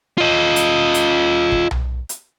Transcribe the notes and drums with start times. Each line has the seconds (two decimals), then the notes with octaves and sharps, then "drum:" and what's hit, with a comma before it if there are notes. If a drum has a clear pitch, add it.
0.18 F4 D#5
0.56 drum: hi-hat
0.94 drum: hi-hat
1.52 drum: kick
1.71 drum: tom B1
2.09 drum: hi-hat